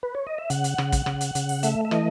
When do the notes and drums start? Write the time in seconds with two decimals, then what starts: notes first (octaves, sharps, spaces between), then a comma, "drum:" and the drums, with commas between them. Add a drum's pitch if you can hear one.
0.03 B4
0.15 C#5
0.27 D#5
0.38 E5
0.50 C#3 F#5, drum: hi-hat
0.64 drum: hi-hat
0.78 C#3, drum: rim click
0.92 drum: kick, hi-hat
1.06 C#3, drum: rim click
1.21 drum: hi-hat
1.35 C#3, drum: hi-hat
1.49 drum: open hi-hat
1.63 A3 E5, drum: hi-hat
1.85 E5
1.91 E3 D#5, drum: rim click